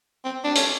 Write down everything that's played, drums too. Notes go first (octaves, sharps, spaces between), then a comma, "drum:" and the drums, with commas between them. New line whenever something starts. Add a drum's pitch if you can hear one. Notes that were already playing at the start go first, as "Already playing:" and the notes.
C4
D4
C#4, drum: hi-hat